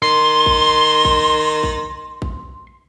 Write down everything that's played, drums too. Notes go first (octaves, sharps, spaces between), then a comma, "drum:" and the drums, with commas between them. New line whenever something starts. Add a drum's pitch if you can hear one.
D#3 C6
drum: kick A#1
drum: kick A#1
drum: kick A#1
drum: kick A#1